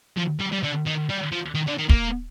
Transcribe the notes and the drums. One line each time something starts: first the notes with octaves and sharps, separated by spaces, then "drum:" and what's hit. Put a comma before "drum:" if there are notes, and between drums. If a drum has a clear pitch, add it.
F3
G3
G3
D3
D#3
G3
F3
D#3
D3
D#3
A#3, drum: kick